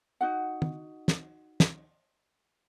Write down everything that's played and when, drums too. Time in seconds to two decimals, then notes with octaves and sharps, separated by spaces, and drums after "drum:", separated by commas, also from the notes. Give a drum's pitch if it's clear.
0.21 D#4 F#4 F#5
0.62 drum: tom
1.08 drum: snare
1.60 drum: snare